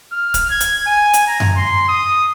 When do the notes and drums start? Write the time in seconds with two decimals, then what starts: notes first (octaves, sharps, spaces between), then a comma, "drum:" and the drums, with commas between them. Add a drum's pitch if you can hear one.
0.13 F6
0.34 drum: kick, hi-hat
0.50 G#6
0.61 drum: hi-hat
0.87 G#5
1.14 drum: hi-hat
1.27 A#5
1.40 drum: tom F#2
1.57 C6
1.88 D#6